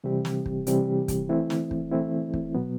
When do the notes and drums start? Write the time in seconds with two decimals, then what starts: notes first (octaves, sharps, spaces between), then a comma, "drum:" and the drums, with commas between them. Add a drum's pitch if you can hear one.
0.04 C3 E3 G3 C4 G4
0.25 drum: snare
0.46 drum: kick
0.67 C3 E3 G3 C4 G4, drum: hi-hat
1.08 drum: kick, hi-hat
1.29 E3 A3 C4 E4
1.50 drum: snare
1.71 drum: kick
1.92 E3 A3 C4 E4
2.34 drum: kick
2.55 B2 F#3 B3